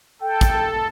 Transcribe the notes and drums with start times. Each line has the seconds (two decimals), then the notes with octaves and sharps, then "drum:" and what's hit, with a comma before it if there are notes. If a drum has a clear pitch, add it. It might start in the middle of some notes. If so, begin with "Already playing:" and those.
0.21 A4 G5
0.41 drum: kick, hi-hat